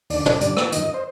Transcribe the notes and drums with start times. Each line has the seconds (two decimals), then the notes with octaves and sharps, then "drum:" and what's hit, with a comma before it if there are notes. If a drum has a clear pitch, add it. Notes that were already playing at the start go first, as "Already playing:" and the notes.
0.10 D#2 D3 D5, drum: open hi-hat
0.26 drum: tom
0.41 G2 D3, drum: hi-hat
0.57 drum: rim click
0.72 F#2 D#3 D#5, drum: hi-hat
0.94 C5